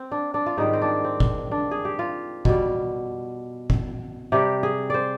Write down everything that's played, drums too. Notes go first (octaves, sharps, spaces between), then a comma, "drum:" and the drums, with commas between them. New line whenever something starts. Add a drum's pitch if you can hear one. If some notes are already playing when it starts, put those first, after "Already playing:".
Already playing: C4
D4
D4
F4
G#2 D#3 G3 D#4
C4
D4
C4
drum: kick F#1
D4
G#4
G4
F4
B2 G3, drum: kick F#1
drum: kick F#1
C3 G3 G4
G#4
C5 D5